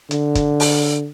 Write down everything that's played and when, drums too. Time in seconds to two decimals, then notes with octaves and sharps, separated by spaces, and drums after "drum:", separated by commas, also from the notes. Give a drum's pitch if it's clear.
0.11 D3, drum: hi-hat
0.35 drum: kick, hi-hat
0.60 drum: open hi-hat